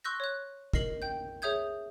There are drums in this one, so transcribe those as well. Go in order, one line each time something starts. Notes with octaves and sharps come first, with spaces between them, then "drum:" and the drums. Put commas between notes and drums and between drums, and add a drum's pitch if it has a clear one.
C6 C#6 E6 F#6 G6 A#6
C#5 F#6
A#4 D#5 C7 F#7, drum: kick
G5 G6
G#4 C#5 E5 D#6 G6 G#6